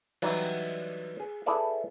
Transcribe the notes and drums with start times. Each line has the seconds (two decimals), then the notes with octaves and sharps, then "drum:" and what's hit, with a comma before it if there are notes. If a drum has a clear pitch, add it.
0.22 E3 F#3 G3 D#4, drum: cymbal
1.20 G#4
1.46 E4 G#4 A4 B4 D5 E5